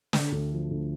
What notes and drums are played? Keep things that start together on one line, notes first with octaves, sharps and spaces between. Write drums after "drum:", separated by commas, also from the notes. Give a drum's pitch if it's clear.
D3, drum: snare
D2
F3
D2